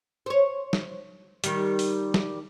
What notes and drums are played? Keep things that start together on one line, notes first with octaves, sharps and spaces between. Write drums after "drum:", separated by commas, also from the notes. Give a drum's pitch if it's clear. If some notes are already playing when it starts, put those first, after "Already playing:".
C5 C#5
drum: snare
D#3 G3, drum: hi-hat
drum: open hi-hat
drum: snare